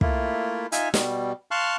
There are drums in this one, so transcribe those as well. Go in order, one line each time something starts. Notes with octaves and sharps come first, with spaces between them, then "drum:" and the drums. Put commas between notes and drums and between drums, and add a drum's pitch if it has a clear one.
A3 A#3 E4 F4, drum: kick
D#4 F4 E5 G#5, drum: hi-hat
B2 G3, drum: snare
F5 A5 C6 C#6 F6 F#6